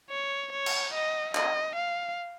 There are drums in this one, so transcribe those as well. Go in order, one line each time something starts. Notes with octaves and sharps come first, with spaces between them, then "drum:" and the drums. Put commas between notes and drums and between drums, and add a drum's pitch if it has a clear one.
C#5
C#5
drum: cymbal
D#5
D#5, drum: clap
F5